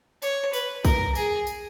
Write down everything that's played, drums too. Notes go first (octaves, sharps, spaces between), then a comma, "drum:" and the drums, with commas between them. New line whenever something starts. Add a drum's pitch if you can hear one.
C#5, drum: tambourine
B4, drum: tambourine
A#4, drum: kick B1, tambourine
G#4, drum: tambourine
drum: tambourine